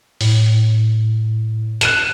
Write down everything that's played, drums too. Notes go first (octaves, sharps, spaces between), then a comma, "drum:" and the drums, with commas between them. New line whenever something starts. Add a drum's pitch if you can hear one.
A2, drum: open hi-hat
F#6 D#7 E7, drum: hi-hat